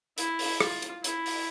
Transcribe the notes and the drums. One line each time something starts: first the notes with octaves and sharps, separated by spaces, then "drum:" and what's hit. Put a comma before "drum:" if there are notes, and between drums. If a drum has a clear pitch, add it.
E4, drum: hi-hat
drum: open hi-hat
F4, drum: rim click
drum: hi-hat
E4, drum: hi-hat
drum: open hi-hat